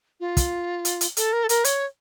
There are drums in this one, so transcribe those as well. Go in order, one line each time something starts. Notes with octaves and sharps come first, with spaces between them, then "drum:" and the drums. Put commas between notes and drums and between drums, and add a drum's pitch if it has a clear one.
F4
drum: kick, hi-hat
drum: hi-hat
drum: hi-hat
A4, drum: hi-hat
A#4
A4
A#4, drum: hi-hat
C#5, drum: hi-hat